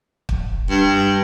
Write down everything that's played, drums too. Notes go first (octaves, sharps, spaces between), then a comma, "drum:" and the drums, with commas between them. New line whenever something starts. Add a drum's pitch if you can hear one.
drum: kick
G2